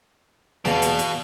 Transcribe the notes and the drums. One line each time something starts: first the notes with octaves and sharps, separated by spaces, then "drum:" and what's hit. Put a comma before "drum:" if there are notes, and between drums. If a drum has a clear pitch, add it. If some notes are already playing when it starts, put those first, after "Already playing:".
E2 B2 G#4 F5 A5, drum: snare
drum: hi-hat
drum: hi-hat